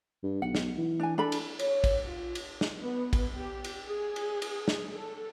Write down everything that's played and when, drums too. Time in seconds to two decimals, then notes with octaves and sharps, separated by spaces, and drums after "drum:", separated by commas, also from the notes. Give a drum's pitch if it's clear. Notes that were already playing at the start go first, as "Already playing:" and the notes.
0.23 G2
0.42 B1 F#5
0.55 drum: snare
0.77 E3
1.00 D4 G#5
1.18 D4 A4 B5
1.32 drum: cymbal
1.59 C#5, drum: cymbal
1.84 drum: kick, cymbal
2.06 F4
2.35 drum: cymbal
2.61 drum: snare
2.82 B3
3.13 drum: kick, cymbal
3.35 G4
3.64 drum: cymbal
3.86 G#4
4.16 drum: cymbal
4.42 drum: cymbal
4.68 drum: snare
4.93 A4